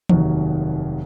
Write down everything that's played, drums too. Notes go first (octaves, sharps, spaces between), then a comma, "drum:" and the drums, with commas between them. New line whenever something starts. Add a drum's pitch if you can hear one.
F1 D#2 D#3 F#3, drum: tom E3